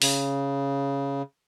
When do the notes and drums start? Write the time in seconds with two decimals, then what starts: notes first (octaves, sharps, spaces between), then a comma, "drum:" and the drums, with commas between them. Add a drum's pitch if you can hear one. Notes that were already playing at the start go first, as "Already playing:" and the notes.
0.02 C#3, drum: open hi-hat